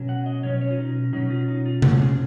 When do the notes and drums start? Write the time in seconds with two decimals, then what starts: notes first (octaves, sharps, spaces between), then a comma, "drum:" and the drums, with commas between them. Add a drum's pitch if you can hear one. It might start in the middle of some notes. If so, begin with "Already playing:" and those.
Already playing: B2 F#3 C#4
0.09 F#5
0.26 D#5
0.43 B2 F#3 C#4 C#5
0.61 C#5
0.71 F4
0.78 D#4
1.13 B2 F#3 C#4 D#4
1.30 F4
1.48 D#4
1.66 F4
1.82 B2 F#3 C#4 F#4, drum: tom C3
2.00 G#4